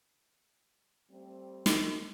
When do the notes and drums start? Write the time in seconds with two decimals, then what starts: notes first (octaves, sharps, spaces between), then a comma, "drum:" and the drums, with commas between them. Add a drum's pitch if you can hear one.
1.11 G3 A3 C4
1.66 drum: snare